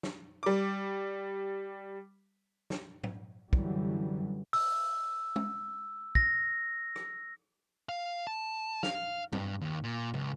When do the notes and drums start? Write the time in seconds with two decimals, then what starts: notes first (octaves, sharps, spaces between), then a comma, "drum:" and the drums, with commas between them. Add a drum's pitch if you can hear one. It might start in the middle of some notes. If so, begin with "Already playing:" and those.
0.03 drum: snare
0.43 G3 D6
2.70 drum: snare
3.03 drum: tom G#2
3.53 F#2 D3 E3 F#3 G3, drum: kick
4.53 E6, drum: open hi-hat
5.36 drum: tom G#3
6.15 A#6, drum: kick
6.96 drum: rim click
7.89 F5
8.27 A5
8.83 F5, drum: snare
9.33 G2, drum: tom G2
9.61 D#2
9.84 A#2
10.14 C#2, drum: tom G#2